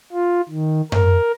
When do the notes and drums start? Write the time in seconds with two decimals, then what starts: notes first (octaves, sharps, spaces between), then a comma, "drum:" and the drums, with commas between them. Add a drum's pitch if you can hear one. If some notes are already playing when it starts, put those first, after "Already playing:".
0.13 F4
0.49 D#3
0.92 A#4, drum: tom F#2